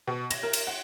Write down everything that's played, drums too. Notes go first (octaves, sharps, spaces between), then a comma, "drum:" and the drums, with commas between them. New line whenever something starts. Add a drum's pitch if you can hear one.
B2
A#6, drum: cymbal
A#4
drum: cymbal
F#5